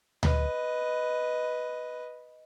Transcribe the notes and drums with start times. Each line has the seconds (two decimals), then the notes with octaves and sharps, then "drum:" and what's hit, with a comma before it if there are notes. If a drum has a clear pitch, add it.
0.23 B4 D#5, drum: tom D2